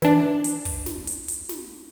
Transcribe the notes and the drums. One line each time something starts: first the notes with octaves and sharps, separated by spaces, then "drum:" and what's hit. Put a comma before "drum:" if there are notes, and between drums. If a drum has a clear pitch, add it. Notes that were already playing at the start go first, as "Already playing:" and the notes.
E3 D4, drum: snare
drum: hi-hat
drum: kick, open hi-hat
drum: snare
drum: hi-hat
drum: hi-hat
drum: snare